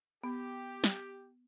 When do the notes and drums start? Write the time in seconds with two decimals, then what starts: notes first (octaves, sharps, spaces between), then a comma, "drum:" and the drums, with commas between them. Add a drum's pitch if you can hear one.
0.24 B3 G4
0.84 drum: snare